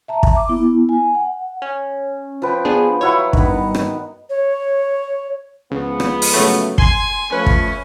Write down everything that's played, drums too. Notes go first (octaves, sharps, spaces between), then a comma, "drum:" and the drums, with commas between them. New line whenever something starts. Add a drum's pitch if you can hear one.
E5 A5 A#5
drum: kick
D6
B3 E4
G#5
F#5
C#4
F3 B4 G5
B3 D4 G#4
F#3 E4 C#5 F#5
G2 D#3 B3, drum: kick
drum: rim click
C#5
C#2 F3 G#3 B3
drum: rim click
drum: open hi-hat
C#3 F#3 A3
G#5 C6, drum: kick
F3 A3 C#4 B4
drum: kick